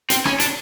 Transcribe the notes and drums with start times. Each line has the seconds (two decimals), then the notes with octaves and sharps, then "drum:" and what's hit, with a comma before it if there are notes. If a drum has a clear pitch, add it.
0.10 C4, drum: hi-hat
0.25 C#4, drum: rim click
0.40 D4, drum: hi-hat